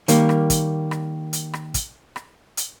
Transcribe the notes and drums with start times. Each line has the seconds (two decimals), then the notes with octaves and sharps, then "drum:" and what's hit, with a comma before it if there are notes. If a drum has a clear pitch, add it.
0.08 D#3 G3 A#3, drum: hi-hat
0.29 drum: rim click
0.50 drum: kick, hi-hat
0.91 drum: rim click
1.33 drum: hi-hat
1.53 drum: rim click
1.74 drum: kick, hi-hat
2.16 drum: rim click
2.57 drum: hi-hat